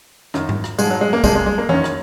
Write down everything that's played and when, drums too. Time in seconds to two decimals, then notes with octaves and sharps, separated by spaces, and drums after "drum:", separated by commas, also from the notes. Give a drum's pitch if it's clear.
0.34 F#2 D#3, drum: rim click
0.49 drum: tom G#2
0.64 drum: rim click
0.79 G#2 F3 G#3, drum: tambourine
0.90 F#3
1.01 G#3
1.13 A#3
1.24 F2 C3 F3 G#3, drum: kick, tambourine
1.35 G#3
1.46 G#3
1.58 A#3
1.69 F#2 D#3 C#4, drum: tom E3
1.84 drum: rim click